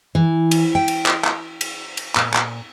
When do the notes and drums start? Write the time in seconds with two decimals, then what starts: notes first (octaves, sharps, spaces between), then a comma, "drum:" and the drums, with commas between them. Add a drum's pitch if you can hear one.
0.15 E3
0.51 drum: cymbal
0.75 G5
0.88 drum: cymbal
1.06 drum: clap
1.24 drum: clap
1.61 drum: cymbal
1.97 drum: cymbal
2.16 A#2, drum: clap
2.34 drum: clap